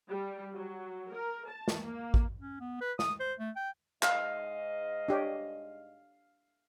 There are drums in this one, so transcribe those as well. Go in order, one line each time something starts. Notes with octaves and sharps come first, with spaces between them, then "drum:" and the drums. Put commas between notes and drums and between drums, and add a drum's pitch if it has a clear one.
G3
F#3
A#4
A5
drum: snare
A#3
drum: kick A1
C#4
B3
B4
D#6, drum: snare
C5
A3
G5
G#2 D#5 F5, drum: clap
D4 G4 C#5